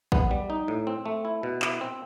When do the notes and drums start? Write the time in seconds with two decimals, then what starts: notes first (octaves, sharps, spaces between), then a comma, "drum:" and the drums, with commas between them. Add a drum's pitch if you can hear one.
0.12 B3, drum: kick A1
0.31 G3
0.50 D#4
0.68 A2
0.87 C4
1.06 A3
1.25 E4
1.43 B2
1.62 E4, drum: clap
1.81 C4